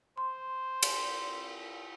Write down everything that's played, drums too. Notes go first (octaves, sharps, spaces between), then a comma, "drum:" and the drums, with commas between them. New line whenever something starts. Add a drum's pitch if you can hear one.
C5 C6
drum: cymbal